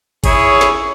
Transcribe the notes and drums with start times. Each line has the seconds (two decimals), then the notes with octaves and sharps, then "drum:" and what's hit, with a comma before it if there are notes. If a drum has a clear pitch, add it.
0.24 E4 G#4 C#5, drum: kick G1, cymbal
0.61 drum: snare